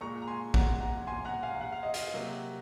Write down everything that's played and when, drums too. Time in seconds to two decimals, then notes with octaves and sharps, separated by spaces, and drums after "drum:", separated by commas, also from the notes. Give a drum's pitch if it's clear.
0.01 A#2 G#3 A#5 C#6
0.22 A#5
0.28 G#5 C6
0.54 F#5 A#5, drum: kick
0.81 F#5 A#5
1.07 G#5 C6
1.25 F#5 A#5
1.43 F5 G#5
1.61 F#5
1.72 F5
1.83 D#5
1.94 F5, drum: hi-hat
2.14 C3 F#3 A#3